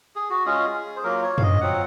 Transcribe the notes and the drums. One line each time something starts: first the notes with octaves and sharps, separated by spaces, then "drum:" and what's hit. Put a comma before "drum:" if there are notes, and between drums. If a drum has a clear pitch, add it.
G#4
F#4
G#3 C#4 F4 G#4
C5
F#3 A#3 F4 A#4
C#5
F5, drum: tom F#2
D#5
F#3 C4 F4 F#5